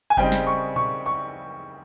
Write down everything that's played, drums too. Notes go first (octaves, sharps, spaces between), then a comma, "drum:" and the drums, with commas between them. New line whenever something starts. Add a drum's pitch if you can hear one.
G#5
C#3 G3 C4 D#4 G5, drum: kick F#1
drum: snare
C#6
C#6, drum: tom A#2
C#6